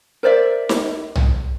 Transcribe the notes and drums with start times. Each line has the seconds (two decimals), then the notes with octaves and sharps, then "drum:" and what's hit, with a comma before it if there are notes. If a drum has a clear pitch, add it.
0.23 A#4 C5 D5 E5
0.69 drum: snare D#4
1.16 drum: tom B1